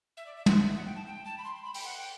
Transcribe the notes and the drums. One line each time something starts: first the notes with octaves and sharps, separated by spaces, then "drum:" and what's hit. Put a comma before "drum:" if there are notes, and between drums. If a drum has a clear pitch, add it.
E5
D5
E5
F#5, drum: tom
E5
F#5
G5
A5
G5
A5
B5
C6
C6
B5
G5, drum: open hi-hat
F#5
G5